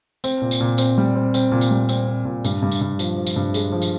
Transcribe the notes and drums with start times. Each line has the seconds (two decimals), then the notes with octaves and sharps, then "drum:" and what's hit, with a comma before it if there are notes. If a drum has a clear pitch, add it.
0.24 C4, drum: tambourine
0.42 A#2
0.51 drum: tambourine
0.61 A#2
0.78 C4, drum: tambourine
0.98 G3
1.15 C4
1.34 C4, drum: tambourine
1.52 A#2
1.61 drum: tambourine
1.71 G3
1.89 C4, drum: tambourine
2.07 C4
2.25 A#2
2.45 G2, drum: tambourine
2.62 G2
2.71 drum: tambourine
2.81 G2
2.99 F3, drum: tambourine
3.17 F3
3.27 drum: tambourine
3.36 G2
3.54 G#3, drum: tambourine
3.72 F3
3.82 drum: tambourine